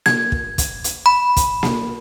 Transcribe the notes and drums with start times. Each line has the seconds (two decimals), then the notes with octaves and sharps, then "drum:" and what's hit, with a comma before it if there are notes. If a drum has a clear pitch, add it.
0.06 G#6, drum: snare A#3
0.32 drum: kick
0.58 drum: kick, hi-hat
0.84 drum: hi-hat
1.06 B5
1.37 drum: kick, hi-hat
1.63 drum: snare A#3